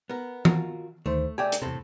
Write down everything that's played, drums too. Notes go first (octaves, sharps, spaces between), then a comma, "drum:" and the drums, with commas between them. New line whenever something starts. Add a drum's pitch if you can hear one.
B3 A#4
F4 F#4 A#4, drum: tom E3
D2 D#3 A3 C5
C#2 A3 G4 D5 G5 G#5
drum: hi-hat
E2 A2 C3 C4 A4